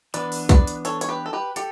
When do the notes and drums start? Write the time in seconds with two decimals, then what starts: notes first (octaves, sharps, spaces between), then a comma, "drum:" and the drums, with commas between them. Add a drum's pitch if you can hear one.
0.14 E3 B3 D4 B4 D5, drum: hi-hat
0.32 drum: open hi-hat
0.49 B4 D5, drum: kick, hi-hat
0.67 drum: hi-hat
0.85 A4 C#5, drum: hi-hat
1.01 C#5, drum: hi-hat
1.08 G4 B4
1.26 A4
1.33 G4 B4
1.56 G4 A4, drum: hi-hat